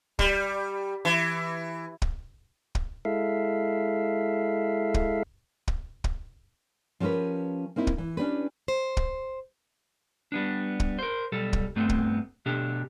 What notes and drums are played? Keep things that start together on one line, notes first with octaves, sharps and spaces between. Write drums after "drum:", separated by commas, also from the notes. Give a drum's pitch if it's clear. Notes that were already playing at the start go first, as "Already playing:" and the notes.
G3, drum: kick
E3
drum: kick
drum: kick
G#3 E4 A4 E5 F5
drum: kick
drum: kick
drum: kick
F3 C#4 G4 A#4 B4
A#3 C4 D#4 E4
drum: kick
E3
C#4 D4 G4 B4
C5
drum: kick
G3 B3 D4
drum: kick
A#4 C5
B1 G3 A4
drum: kick
G2 A3 B3 C4
drum: kick
B2 D4 G4 A4